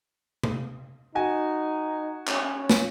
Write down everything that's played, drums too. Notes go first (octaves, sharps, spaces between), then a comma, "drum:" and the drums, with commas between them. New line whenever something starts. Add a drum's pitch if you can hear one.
drum: tom C3
D#4 F#4 G#5
C#4, drum: clap
drum: snare